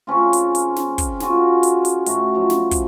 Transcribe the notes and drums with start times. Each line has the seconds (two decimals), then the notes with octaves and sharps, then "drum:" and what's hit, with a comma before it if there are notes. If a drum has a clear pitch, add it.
0.07 C#3 C4 C#4 F4
0.33 drum: hi-hat
0.55 drum: hi-hat
0.76 drum: snare
0.98 drum: kick, hi-hat
1.20 F4 F#4 G#4 C#5, drum: snare
1.63 drum: hi-hat
1.85 drum: hi-hat
2.06 A2 F#4, drum: hi-hat
2.34 F3 F#3
2.50 drum: snare
2.71 drum: kick, hi-hat